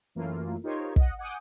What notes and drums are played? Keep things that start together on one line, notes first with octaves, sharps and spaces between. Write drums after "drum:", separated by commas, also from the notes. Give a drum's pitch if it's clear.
F#2 E3 A3 A#3 F4
D#4 F4 G4 A#4 C5 C#5
D#5 F#5, drum: kick
F#5 G#5 D6 D#6 G6